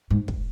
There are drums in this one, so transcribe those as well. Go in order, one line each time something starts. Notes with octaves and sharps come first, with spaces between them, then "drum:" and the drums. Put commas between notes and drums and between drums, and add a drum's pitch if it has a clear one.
G#2
drum: kick